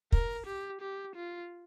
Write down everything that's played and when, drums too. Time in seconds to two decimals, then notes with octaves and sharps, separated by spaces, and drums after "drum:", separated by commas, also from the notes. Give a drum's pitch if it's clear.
0.12 A#4, drum: kick
0.47 G4
0.81 G4
1.16 F4